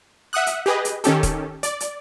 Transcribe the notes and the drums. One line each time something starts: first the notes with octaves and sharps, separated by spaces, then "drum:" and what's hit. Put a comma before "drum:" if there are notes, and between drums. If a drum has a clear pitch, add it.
E5 F#5 D#6 F#6
drum: hi-hat
G4 G#4 B4 D#5
drum: hi-hat
D#3 C#4 G4 A4, drum: hi-hat
drum: kick D#1, hi-hat
D5, drum: hi-hat
drum: hi-hat